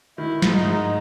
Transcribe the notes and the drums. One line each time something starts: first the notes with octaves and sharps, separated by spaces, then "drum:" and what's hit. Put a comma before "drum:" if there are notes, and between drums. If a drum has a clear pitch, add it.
D#3 E4
G#2, drum: snare
D#4
G#2